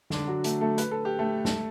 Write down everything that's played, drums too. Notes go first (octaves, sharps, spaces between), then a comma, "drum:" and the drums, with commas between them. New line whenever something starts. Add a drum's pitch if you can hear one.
D3 D4, drum: snare
F#3 F#4
A3 A4, drum: hi-hat
A3 A4
B4, drum: hi-hat
A4
G4
A3 A4
A3 A4, drum: snare